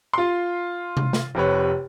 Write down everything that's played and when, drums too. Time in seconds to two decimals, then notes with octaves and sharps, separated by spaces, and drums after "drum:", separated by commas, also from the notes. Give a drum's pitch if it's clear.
0.14 F4 C6
0.97 drum: tom C3
1.13 drum: snare
1.35 F1 C3 B4 C#5